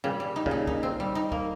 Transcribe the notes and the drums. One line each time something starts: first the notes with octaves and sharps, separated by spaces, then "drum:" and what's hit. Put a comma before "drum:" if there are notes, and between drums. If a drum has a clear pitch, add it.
A#2 C#3 G3
G3
D#4
A#2 C#3, drum: kick
D#4
D#4, drum: kick
C4
G3
D#4
A#3, drum: kick